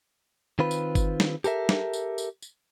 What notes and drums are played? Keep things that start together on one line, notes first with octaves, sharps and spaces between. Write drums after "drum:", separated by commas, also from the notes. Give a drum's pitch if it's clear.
D#3 C4 F4 B4
drum: tambourine
drum: kick G1, tambourine
drum: snare
G4 A4 A#4 E5, drum: tambourine
drum: snare
drum: tambourine
drum: tambourine
drum: tambourine